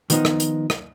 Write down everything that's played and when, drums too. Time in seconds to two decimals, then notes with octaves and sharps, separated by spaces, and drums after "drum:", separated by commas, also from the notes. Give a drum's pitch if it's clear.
0.10 D#3 F3 B3 D#4, drum: hi-hat
0.25 drum: rim click
0.40 drum: hi-hat
0.70 drum: rim click